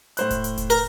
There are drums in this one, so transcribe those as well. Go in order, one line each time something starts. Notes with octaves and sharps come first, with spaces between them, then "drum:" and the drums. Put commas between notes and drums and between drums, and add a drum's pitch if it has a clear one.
A2 C5 F#6, drum: hi-hat
drum: kick E1, hi-hat
drum: hi-hat
drum: kick E1, hi-hat
A#4, drum: open hi-hat